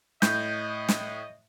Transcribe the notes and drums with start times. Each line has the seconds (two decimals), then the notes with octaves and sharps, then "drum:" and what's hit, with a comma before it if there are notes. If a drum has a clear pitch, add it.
0.22 A2 D#5 G6, drum: snare
0.89 drum: snare